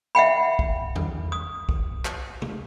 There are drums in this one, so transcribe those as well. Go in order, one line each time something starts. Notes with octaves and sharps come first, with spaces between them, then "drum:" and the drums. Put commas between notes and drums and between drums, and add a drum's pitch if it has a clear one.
E5 F#5 G5 B5
drum: kick
drum: tom E2
D#6
drum: kick
drum: clap
drum: tom